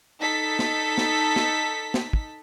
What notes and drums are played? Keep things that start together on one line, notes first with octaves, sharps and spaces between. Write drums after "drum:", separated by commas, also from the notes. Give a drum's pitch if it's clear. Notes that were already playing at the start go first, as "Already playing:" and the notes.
D#4 A4 B6
drum: snare
drum: snare
drum: snare
drum: snare
drum: kick